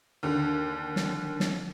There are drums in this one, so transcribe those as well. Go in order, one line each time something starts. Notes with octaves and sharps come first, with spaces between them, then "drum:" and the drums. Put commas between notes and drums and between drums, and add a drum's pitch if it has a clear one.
D#2 D3
drum: snare
drum: snare